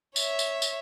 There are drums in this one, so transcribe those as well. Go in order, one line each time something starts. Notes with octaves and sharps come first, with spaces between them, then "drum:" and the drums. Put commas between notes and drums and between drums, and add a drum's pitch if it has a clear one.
C#5 E5, drum: tambourine
drum: tambourine
drum: tambourine